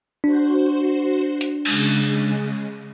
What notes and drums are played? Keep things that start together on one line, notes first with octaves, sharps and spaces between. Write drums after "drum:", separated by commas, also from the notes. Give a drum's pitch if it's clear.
D4 F#4 C5
drum: hi-hat
C#3 G#3, drum: cymbal